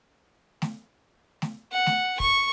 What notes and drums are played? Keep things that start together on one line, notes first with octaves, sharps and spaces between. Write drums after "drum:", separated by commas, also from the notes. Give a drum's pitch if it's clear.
drum: snare A3
drum: snare A3
F#5
drum: snare A3
C#6, drum: kick